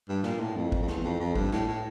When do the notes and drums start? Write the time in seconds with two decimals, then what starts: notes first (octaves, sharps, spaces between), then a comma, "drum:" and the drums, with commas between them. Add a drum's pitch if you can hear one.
0.09 G2
0.24 A#2, drum: snare
0.40 A2
0.56 F2
0.72 drum: kick
0.82 F2
0.88 E2, drum: snare
1.04 F2
1.20 F2
1.36 G2, drum: kick
1.52 A2, drum: snare
1.68 A2